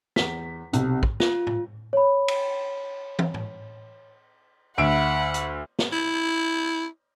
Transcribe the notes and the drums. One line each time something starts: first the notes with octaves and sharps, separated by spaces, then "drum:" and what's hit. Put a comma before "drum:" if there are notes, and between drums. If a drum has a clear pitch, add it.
E2 B6, drum: snare
B1 C3, drum: hi-hat
drum: kick
F4, drum: snare
drum: tom
C#5 B5
drum: cymbal
drum: tom
drum: tom
D2 E5 F#5 B5 D7
drum: hi-hat
drum: snare
E4